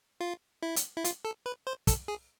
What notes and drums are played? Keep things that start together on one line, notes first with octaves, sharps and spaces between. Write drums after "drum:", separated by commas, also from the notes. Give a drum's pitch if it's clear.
F4
E4
drum: hi-hat
E4
F4, drum: hi-hat
A4
B4
C5
A4, drum: kick, hi-hat
G#4